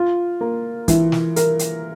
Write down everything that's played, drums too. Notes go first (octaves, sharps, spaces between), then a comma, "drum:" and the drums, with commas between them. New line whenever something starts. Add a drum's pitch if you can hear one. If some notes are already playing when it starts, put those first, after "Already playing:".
Already playing: F4
A#3
E3, drum: kick, hi-hat
drum: snare
A#4, drum: hi-hat
drum: hi-hat